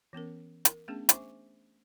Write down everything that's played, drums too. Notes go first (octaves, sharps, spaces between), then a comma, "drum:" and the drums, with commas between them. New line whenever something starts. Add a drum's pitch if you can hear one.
E3 B3 C#4 A#4
A#4, drum: hi-hat
A3 B3 C#4 D4 G#4
C5 E5 G#5 C#6 D6, drum: hi-hat